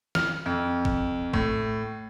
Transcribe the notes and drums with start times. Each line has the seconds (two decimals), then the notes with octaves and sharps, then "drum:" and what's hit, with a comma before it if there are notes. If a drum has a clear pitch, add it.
0.15 F6, drum: snare
0.46 F2
0.85 drum: kick
1.33 A2, drum: kick